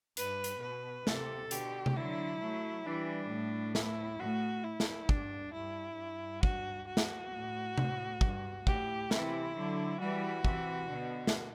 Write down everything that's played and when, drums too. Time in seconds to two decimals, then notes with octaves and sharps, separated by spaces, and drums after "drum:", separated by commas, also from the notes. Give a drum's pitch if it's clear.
0.17 G2 B4, drum: hi-hat
0.44 drum: hi-hat
0.62 B2 B4
1.07 C3 A4, drum: snare
1.51 B2 D3 G4, drum: hi-hat
1.86 drum: tom C3
1.96 D3 F#3 E4
2.41 F#3 A3
2.85 E3 G3 D4
3.30 A2
3.75 E4, drum: snare
4.20 A2 F#4
4.64 E4
4.80 drum: snare
5.09 G2 D4, drum: kick
5.54 G2 E4
5.98 G2
6.43 F#4, drum: kick
6.88 F#4
6.97 drum: snare
7.32 A2
7.78 A2, drum: tom C3
8.21 G2, drum: kick
8.67 A2 G4, drum: kick
9.11 C3 E3 E4, drum: snare
9.56 D3 F#3
10.00 E3 G3 F#4
10.45 C3 E3, drum: kick
10.90 B2 D3
11.27 drum: snare